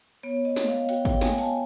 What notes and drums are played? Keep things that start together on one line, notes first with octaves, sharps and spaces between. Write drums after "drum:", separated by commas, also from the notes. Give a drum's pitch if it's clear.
B3 C#5
D#5
B3, drum: snare
F5
F#4 G5, drum: hi-hat
G5, drum: kick G#1, hi-hat
B3 G#5, drum: snare
A5, drum: hi-hat